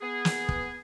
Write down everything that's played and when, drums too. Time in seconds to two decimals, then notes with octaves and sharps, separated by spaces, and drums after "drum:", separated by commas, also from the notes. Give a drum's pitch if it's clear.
0.01 B3 G#4
0.25 drum: snare
0.49 drum: kick